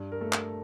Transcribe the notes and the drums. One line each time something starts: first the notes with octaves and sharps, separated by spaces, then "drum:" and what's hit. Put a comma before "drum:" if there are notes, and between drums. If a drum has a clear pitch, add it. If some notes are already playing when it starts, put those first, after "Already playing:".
Already playing: G2
A#4
A3 A4
drum: clap